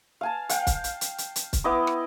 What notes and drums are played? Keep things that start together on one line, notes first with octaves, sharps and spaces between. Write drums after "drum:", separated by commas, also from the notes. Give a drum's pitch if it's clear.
F5 G#5 A5
F5 G5, drum: hi-hat
drum: kick, hi-hat
drum: hi-hat
drum: hi-hat
drum: hi-hat
drum: hi-hat
drum: kick, hi-hat
B3 E4 D#5 D6
drum: rim click